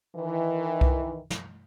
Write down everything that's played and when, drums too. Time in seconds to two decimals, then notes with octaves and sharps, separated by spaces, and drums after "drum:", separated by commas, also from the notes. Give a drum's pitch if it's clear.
0.16 D#3 E3
0.81 drum: kick C2
1.30 drum: snare